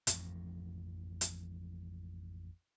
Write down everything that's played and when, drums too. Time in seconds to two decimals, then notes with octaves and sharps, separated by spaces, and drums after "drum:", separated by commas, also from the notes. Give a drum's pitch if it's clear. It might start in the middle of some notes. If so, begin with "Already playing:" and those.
0.07 A1 F2 G#2 F3, drum: hi-hat
1.21 drum: hi-hat